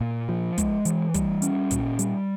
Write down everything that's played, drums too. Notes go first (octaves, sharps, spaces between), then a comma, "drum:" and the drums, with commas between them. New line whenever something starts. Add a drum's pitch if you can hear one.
A#2
F3
G#3, drum: kick, hi-hat
E3, drum: hi-hat
G3, drum: kick, hi-hat
C#4, drum: hi-hat
A#2, drum: kick, hi-hat
G3, drum: hi-hat